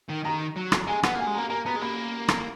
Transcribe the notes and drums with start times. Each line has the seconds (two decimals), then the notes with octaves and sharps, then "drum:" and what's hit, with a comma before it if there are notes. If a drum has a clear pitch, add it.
0.10 D#3
0.25 D#3 A#5
0.56 F#3
0.72 drum: rim click
0.87 G#3 G#5
1.03 B3 F#5, drum: rim click
1.15 A#3 G#5
1.27 G#3
1.34 A#3 A#5
1.50 A#3 A#5
1.66 B3 A#5
1.76 G#3
1.82 A#3 B5
2.28 drum: rim click